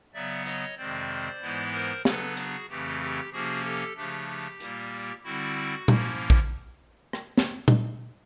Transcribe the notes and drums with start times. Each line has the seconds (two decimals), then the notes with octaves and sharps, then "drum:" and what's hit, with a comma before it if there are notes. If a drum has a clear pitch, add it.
0.14 C#3 F#3 B3 D5 E5
0.46 C#5 D#5, drum: hi-hat
0.77 F2 C3 D#3 G#3 C4 C5 D5
1.41 G#2 E3 G#3 B3 E4
1.73 A#4 C5
2.05 C#3 F#3 B3 D4 A4 B4, drum: snare
2.37 F#4 G#4, drum: hi-hat
2.69 F2 C#3 E3 A3 C4 G4
3.01 G4
3.33 C3 F3 A#3 C#4 F#4 G#4
3.65 G4 A4
3.97 C#3 F3 A3 D4 G4
4.28 G4
4.60 A#2 G3 A#3, drum: hi-hat
5.24 D3 G3 C4 E4 F#4
5.88 G#2 F3 A#3 C#4 E4, drum: tom A#2
6.30 drum: kick A#1
7.13 drum: rim click
7.38 drum: snare
7.68 drum: tom A#2